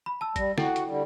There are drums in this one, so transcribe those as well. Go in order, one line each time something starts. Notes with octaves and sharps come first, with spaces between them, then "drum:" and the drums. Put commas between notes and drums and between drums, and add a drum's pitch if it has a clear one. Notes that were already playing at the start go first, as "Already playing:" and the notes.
B5
A5 E6
G3 A#6, drum: kick, hi-hat
E4 F#4 A4 G5, drum: snare
drum: hi-hat
D3 G3